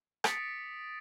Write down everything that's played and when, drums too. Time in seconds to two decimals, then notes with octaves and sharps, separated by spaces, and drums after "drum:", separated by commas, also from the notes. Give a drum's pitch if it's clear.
0.24 D6 D#6 A6 B6 C#7 D7, drum: rim click